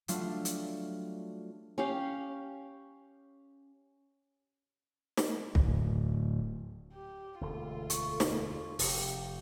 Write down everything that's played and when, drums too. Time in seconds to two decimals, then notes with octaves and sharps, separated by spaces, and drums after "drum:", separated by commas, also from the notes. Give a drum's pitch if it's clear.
0.08 F#3 G3 A3 D4 F4, drum: hi-hat
0.45 drum: hi-hat
1.78 C#4 G4 F5
5.17 drum: snare
5.55 D1, drum: kick
6.93 G4
7.41 E1 D2 F4 A4
7.90 C#6, drum: hi-hat
8.20 drum: snare
8.79 F1 C3 G4, drum: open hi-hat